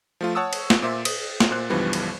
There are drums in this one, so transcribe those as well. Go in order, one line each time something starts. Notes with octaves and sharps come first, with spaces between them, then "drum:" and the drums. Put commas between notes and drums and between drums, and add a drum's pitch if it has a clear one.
F3 A3 F4
C#5 F#5 A5 C#6 D#6 E6
drum: cymbal
drum: snare
A#2 C5 E5 D6
D#6, drum: cymbal
drum: snare
A#2 C5 F#6
C#2 G2 E3 F3 G3 B3
drum: cymbal